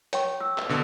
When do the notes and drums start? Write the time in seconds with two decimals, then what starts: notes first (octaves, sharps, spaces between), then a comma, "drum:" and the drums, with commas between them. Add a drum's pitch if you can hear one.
0.13 C#5 G5 C#6, drum: hi-hat
0.41 E6
0.58 drum: clap
0.69 B2 D3